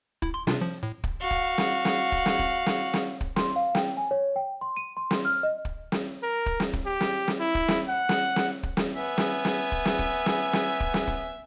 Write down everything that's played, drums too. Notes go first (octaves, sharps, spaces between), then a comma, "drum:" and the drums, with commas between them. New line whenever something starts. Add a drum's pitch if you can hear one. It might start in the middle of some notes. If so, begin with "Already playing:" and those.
E4, drum: kick
C6
C3 D4 F4, drum: snare
F3
A2
drum: kick
F#4 F5
drum: kick
drum: snare
drum: snare
drum: kick
drum: snare
drum: kick
drum: snare
drum: snare
drum: kick
C6, drum: snare
F5
G5, drum: snare
G#5
C#5
G5
C6
D#7
C6
drum: snare
F6
D#5
drum: kick
drum: snare
A#4
drum: kick
drum: snare
drum: kick
G4
drum: snare
drum: snare
E4
drum: kick
drum: snare
F#5
drum: snare
drum: snare
drum: kick
drum: snare
B3 E5 G#5
drum: snare
drum: snare
drum: kick
drum: snare
drum: kick
drum: snare
drum: snare
drum: kick
drum: snare
drum: kick